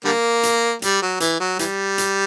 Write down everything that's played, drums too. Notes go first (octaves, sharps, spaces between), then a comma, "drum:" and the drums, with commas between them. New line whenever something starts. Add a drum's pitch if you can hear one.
D3 G3 A#3
drum: hi-hat
G3, drum: hi-hat
F#3
E3, drum: hi-hat
F#3
E3 G3, drum: hi-hat
drum: hi-hat